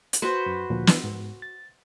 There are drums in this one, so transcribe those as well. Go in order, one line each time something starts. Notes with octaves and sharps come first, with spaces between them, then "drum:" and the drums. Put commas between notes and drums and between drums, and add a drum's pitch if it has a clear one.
drum: hi-hat
F#4 B4 C5
F#2
D2 A#2 F3
E3 B3 D4, drum: snare
G#2
A6